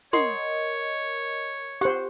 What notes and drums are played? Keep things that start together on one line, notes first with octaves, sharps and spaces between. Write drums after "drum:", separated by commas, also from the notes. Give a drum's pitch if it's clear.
A#4 C#5 D#5 F#5 C6, drum: snare
G4 C5 F#5, drum: hi-hat